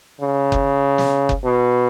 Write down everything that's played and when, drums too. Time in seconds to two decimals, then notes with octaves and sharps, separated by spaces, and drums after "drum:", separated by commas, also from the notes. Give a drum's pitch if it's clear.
0.21 C#3
0.52 drum: kick F#1
0.98 drum: snare
1.29 drum: kick F#1
1.44 B2